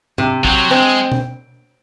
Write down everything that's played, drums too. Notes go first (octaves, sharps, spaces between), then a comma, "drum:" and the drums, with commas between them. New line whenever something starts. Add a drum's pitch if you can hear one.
C3, drum: tom G#2
C3 F#3, drum: kick
G#3 C4
drum: tom B2